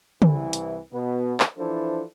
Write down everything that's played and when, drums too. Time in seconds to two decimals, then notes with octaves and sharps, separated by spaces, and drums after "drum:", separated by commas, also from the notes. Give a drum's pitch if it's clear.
0.22 C2 E3 E4, drum: tom
0.53 drum: hi-hat
0.92 B2 B3
1.40 drum: clap
1.57 E3 F3 D4 E4 A4 C5